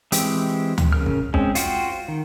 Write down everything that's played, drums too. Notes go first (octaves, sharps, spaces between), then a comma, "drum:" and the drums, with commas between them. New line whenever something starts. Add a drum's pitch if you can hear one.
E3 G#3 C4 G4, drum: hi-hat
drum: tom D2
C#3 A#4 F6
drum: kick
G#3 C4 C#4, drum: kick
F4 F#4 C5 G5 F6, drum: hi-hat
D#3